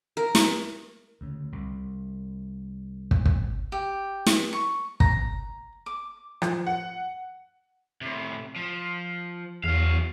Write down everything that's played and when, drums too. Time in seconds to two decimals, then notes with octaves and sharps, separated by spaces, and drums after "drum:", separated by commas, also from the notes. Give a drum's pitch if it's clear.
0.17 A#4
0.35 drum: snare
1.21 D2 C#3
1.52 C2
3.11 drum: kick
3.25 drum: kick
3.72 G4
4.26 drum: snare
4.53 C#6
5.00 A#5, drum: kick
5.86 D6
6.42 F3, drum: rim click
6.67 F#5
8.01 A2 C3
8.56 F3
9.64 E2 F#3 F5